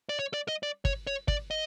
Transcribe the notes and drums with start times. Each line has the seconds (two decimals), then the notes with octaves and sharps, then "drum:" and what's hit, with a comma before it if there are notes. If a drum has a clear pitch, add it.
0.09 D5
0.19 C#5
0.34 D5
0.48 D#5
0.63 D5
0.85 C#5, drum: kick
1.07 C#5
1.28 D5, drum: kick
1.51 D#5